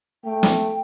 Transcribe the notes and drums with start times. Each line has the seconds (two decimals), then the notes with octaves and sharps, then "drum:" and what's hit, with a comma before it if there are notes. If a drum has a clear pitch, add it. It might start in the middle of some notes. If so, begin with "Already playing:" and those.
0.25 A3 G5
0.43 drum: snare